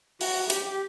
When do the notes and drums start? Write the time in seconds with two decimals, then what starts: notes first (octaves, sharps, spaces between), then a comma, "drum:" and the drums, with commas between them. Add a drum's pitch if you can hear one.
0.21 F#4, drum: open hi-hat
0.50 G4, drum: hi-hat